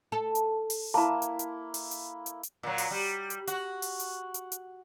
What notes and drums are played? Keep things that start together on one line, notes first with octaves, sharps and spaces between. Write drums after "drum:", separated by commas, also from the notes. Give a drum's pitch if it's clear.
A4
drum: hi-hat
drum: open hi-hat
A#3 E4 A5 A#5
drum: hi-hat
drum: hi-hat
drum: open hi-hat
drum: hi-hat
drum: hi-hat
drum: hi-hat
A#2 F#3
drum: open hi-hat
G3
drum: hi-hat
F#4, drum: hi-hat
drum: open hi-hat
drum: hi-hat
drum: hi-hat
drum: hi-hat